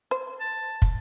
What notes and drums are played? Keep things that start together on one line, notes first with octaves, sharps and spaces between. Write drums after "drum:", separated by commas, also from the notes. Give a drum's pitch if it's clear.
C5
A5
drum: kick